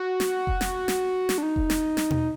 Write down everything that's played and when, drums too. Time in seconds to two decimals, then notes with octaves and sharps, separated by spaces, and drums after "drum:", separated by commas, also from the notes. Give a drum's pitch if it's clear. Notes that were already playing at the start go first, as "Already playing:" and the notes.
Already playing: F#4
0.20 drum: snare
0.47 drum: kick F1
0.61 drum: snare
0.88 drum: snare
1.29 drum: snare
1.38 D4
1.43 D#4
1.56 drum: kick F1
1.70 drum: snare
1.97 drum: snare
2.11 drum: tom